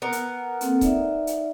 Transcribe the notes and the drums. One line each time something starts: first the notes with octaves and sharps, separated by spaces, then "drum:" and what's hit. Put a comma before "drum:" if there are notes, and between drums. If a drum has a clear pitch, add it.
B3 A#4
drum: hi-hat
A#3 C4 A4, drum: hi-hat
D#4 D5 E5, drum: kick C#1, hi-hat
drum: hi-hat